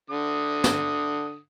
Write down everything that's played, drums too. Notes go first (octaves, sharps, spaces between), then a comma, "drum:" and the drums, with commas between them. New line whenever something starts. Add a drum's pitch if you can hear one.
D3 D#6
drum: snare